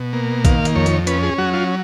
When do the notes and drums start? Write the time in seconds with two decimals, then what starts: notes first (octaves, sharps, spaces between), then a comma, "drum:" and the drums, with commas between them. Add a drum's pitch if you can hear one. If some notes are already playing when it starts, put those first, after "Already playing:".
Already playing: B2
0.13 A#3
0.45 D#3 F5, drum: kick A#1, hi-hat
0.65 drum: hi-hat
0.75 F2 C#5
0.86 drum: hi-hat
1.07 C#4 B4, drum: hi-hat
1.23 G#4
1.38 F#3 F#4
1.53 F4